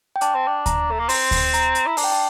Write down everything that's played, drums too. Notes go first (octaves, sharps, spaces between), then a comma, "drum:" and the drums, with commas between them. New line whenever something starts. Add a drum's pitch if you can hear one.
G5
D4 A5, drum: hi-hat
C4
D4
A#5, drum: kick D2, hi-hat
A3
A#3
C4 C6, drum: open hi-hat
drum: kick D2, open hi-hat
A#5, drum: hi-hat
drum: hi-hat
E4
D4 A5, drum: open hi-hat
G5
A5